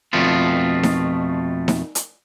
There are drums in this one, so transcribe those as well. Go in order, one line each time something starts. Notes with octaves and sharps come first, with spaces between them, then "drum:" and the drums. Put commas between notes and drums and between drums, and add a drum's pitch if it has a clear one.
F2 B2 A3 F4
drum: snare D#4
drum: snare D#4
drum: hi-hat